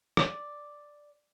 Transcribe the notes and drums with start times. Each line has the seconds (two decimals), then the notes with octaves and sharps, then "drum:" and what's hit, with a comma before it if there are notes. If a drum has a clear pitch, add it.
0.17 D5, drum: rim click